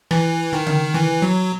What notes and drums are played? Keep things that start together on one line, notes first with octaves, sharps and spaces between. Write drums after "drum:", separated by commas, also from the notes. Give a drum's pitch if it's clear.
E3, drum: rim click
D#3
drum: tom C#3
E3
F#3